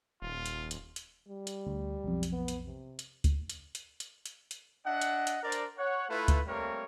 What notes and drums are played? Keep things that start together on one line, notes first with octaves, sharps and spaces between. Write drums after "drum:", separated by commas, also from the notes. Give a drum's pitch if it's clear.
D#1 F4
drum: hi-hat
drum: hi-hat
drum: hi-hat
G3
drum: hi-hat
D2
B1 F2
drum: hi-hat
B3
drum: hi-hat
C3
drum: hi-hat
drum: kick C#2, hi-hat
drum: hi-hat
drum: hi-hat
drum: hi-hat
drum: hi-hat
drum: hi-hat
D4 D#5 E5 F#5
drum: hi-hat
drum: hi-hat
D4 A#4 C5 D5
drum: hi-hat
C#5 F#5
A3 E4 F4 B4
drum: kick C#2, hi-hat
G3 A3 A#3 C4 A#4 C#5